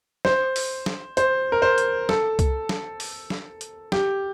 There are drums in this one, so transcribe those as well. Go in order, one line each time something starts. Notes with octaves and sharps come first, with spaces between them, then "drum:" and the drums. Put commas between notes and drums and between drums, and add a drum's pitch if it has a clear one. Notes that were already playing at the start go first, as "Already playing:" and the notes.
C5, drum: snare
drum: open hi-hat
drum: snare
C5, drum: hi-hat
A#4
C5
drum: hi-hat
A4, drum: snare
drum: kick C2, hi-hat
drum: snare
drum: open hi-hat
drum: snare
drum: hi-hat
G4, drum: snare